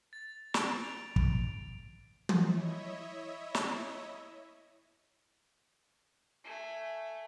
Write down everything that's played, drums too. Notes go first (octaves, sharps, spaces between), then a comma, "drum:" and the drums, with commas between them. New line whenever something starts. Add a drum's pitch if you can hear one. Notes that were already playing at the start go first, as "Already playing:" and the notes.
A6
D7, drum: snare
F7
drum: kick
E4 C#5 D#5 E5, drum: tom
drum: snare
A3 G#5